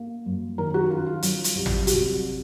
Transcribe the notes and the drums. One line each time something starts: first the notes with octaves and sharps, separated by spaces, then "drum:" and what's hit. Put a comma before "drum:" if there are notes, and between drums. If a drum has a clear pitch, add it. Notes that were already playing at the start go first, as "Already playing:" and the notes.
Already playing: A#3
F#2
D#3 A#4
F#4
C#4 F4
F4
F#3, drum: hi-hat
drum: hi-hat
C2
drum: tom G#1
C3 F#4, drum: hi-hat